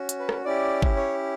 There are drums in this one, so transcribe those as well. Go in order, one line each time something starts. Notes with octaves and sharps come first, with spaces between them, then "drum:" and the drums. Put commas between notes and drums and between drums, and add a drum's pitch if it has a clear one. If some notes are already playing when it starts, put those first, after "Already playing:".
Already playing: C#4 F#4
drum: hi-hat
B4
drum: rim click
C#4 E4 G4 D5
drum: kick
C#5